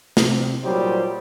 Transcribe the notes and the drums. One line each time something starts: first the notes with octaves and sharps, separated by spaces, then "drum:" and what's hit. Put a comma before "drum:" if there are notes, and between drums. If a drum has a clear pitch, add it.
C3, drum: snare
A#2 F#3 G3 D#4 G4 C5